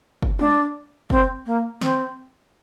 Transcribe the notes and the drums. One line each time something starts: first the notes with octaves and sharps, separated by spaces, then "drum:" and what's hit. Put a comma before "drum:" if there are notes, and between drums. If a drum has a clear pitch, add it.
drum: kick
D4, drum: tom G3
C4, drum: kick
A#3
C4, drum: snare